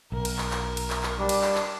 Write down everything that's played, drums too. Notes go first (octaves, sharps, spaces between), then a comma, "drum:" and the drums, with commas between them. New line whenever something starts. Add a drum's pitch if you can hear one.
B1 A#4
drum: cymbal
drum: clap
drum: clap
drum: cymbal
drum: clap
drum: clap
G3 D4
drum: cymbal
drum: clap
drum: clap